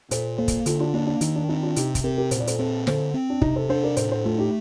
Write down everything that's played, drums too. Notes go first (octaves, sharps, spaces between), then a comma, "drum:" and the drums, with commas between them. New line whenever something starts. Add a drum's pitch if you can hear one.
A#2 A4 C5, drum: hi-hat
A#3 A4 C5
drum: kick, hi-hat
D3 F4 A4, drum: hi-hat
D4 F4
A#3 D4
D4
D#3 D#4, drum: hi-hat
D4
C4 D#4
D4 F4
C3 D#4 G4, drum: hi-hat
drum: kick, hi-hat
C4 G4 A#4
G4 A#4
A#2 C5, drum: hi-hat
D5
A4 C5, drum: hi-hat
C4 A4 C5
D3 A4 C5, drum: snare
C4
D4
C3 D#4, drum: kick
A4 C5
D4 A4 C5
A#4 D5
A2 A4 C5, drum: hi-hat
A4 C5
A3 F4 A4
D#4 G4